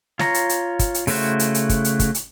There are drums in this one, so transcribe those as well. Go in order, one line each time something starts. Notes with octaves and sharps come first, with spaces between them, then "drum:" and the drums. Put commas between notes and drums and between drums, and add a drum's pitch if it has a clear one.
F4 C#5 A#5, drum: snare
drum: hi-hat
drum: hi-hat
drum: kick, hi-hat
drum: hi-hat
C#3 A3 E4 F#4 C5, drum: open hi-hat
drum: hi-hat
drum: hi-hat
drum: kick, hi-hat
drum: hi-hat
drum: kick, hi-hat
drum: hi-hat